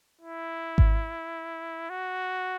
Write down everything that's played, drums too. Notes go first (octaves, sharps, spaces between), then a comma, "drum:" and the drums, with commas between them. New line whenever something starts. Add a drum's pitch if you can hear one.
E4
drum: kick G#1
F#4